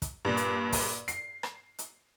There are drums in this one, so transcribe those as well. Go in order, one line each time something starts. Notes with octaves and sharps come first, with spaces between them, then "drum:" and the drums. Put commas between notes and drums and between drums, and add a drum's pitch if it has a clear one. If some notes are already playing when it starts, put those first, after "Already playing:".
drum: kick, hi-hat
G2 A#2
drum: hi-hat
drum: kick, open hi-hat
C7, drum: hi-hat
drum: rim click
drum: hi-hat